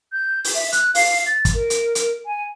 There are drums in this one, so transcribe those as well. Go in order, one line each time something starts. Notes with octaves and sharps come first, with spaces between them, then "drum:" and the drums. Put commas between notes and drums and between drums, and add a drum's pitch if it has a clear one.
G6
drum: open hi-hat
E5
F#6, drum: hi-hat
F5, drum: open hi-hat
A6
drum: kick, hi-hat
A#4
drum: hi-hat
drum: hi-hat
G#5